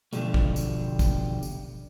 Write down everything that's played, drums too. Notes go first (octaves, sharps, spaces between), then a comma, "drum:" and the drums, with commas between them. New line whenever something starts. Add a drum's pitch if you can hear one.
B2 D3 D#3 F3 G3 A3, drum: tambourine
drum: kick
drum: tambourine
drum: kick, tambourine
drum: tambourine